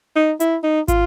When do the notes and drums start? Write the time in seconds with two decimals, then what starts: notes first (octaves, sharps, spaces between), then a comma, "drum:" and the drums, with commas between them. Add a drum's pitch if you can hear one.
0.16 D#4
0.40 E4, drum: hi-hat
0.64 D#4
0.88 F4, drum: kick, hi-hat